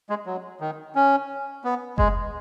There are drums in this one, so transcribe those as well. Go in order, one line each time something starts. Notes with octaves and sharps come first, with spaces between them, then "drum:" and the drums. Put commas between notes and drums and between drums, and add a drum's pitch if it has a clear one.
G#3
F#3
D#3
C#4
B3
G#3, drum: kick F#1